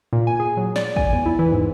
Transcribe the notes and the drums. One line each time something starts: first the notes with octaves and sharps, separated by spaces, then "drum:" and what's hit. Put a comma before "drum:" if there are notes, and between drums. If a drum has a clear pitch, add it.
A#2
G#5
G#4
F#3
D5, drum: snare
G#5, drum: kick
E2
E4
E3
G#2